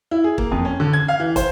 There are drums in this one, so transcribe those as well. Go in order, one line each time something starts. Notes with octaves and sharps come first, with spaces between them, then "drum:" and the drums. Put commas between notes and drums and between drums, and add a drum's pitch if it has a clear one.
E4
G#4
A#3, drum: kick
F2
C#4
D3
G#6
F5
E3
C5, drum: kick, hi-hat